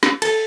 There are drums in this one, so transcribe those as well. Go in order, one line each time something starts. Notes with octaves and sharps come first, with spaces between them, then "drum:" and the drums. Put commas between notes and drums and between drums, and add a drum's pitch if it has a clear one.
drum: snare
A4, drum: cymbal